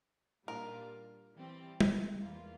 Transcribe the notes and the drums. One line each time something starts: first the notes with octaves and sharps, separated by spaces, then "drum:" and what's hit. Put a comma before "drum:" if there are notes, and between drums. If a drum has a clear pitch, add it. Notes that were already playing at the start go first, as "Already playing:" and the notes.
A#2 G3 A#3 D4 F4 A#4
E3 G3 C4 G4
drum: tom G3
E2 E3 A#3 F4